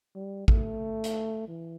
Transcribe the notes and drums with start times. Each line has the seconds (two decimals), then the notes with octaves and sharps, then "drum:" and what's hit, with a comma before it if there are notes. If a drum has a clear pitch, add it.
0.15 G3
0.48 A3, drum: kick A1
1.04 drum: hi-hat
1.48 E3